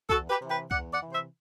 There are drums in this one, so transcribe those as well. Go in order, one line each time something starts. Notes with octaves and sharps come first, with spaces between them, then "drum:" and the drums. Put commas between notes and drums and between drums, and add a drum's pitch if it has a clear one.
E2 F#4 A4, drum: kick C2
G4 B4
C3 E3
G4 B4
E2 D5 F#5, drum: kick C2
D5 F#5
C3 E3
C5 E5